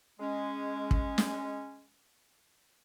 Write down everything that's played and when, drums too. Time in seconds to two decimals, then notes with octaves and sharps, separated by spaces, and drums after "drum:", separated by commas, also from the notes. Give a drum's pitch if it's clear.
0.20 G#3 C#4
0.91 drum: kick
1.18 drum: snare